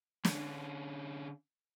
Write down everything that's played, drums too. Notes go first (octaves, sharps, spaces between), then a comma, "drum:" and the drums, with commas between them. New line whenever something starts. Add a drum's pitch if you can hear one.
D3 C#4, drum: snare